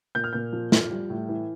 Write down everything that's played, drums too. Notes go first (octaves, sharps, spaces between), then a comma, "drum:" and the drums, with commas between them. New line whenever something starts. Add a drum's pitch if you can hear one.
A#2 G6
F6
A#2 G6
F3
F3, drum: snare
G3
A2
E3